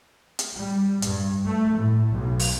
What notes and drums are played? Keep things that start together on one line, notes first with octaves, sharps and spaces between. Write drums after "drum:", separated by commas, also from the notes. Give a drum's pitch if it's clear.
drum: hi-hat
G3
G2, drum: hi-hat
A3
A2
B1
drum: open hi-hat